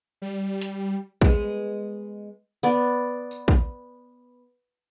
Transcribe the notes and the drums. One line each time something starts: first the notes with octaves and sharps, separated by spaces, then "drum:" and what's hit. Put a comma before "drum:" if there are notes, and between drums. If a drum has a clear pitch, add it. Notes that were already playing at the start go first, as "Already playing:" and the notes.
G3
drum: hi-hat
G#3 B3, drum: kick
B3 D5
drum: tambourine
drum: kick